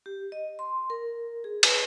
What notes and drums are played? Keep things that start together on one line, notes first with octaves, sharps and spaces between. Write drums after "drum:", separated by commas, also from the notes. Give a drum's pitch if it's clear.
G4
D#5
C6
A#4
G#4
B4, drum: cymbal